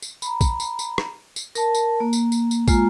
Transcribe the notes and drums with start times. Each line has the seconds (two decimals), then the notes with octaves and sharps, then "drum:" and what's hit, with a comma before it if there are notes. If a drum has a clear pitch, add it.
0.02 drum: tambourine
0.22 A#5 B5, drum: tambourine
0.41 drum: kick, tambourine
0.60 drum: tambourine
0.79 drum: tambourine
0.98 drum: rim click
1.36 drum: tambourine
1.55 A#4 A5, drum: tambourine
1.75 drum: tambourine
2.00 A#3
2.13 drum: tambourine
2.32 drum: tambourine
2.51 drum: tambourine
2.68 G#3 A#3 F4 A#5, drum: kick, tambourine